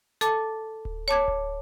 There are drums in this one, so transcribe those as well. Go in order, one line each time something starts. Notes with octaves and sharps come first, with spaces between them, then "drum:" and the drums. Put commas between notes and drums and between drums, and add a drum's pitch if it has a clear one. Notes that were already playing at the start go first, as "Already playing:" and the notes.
A4 A5 D6, drum: snare
drum: kick D1
C#5 A5 D6 G#6
drum: kick D1